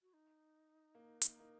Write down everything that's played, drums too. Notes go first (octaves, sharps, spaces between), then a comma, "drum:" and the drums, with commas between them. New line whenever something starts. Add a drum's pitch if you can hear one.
F#4
D#4
A#3
A#3, drum: hi-hat
A#3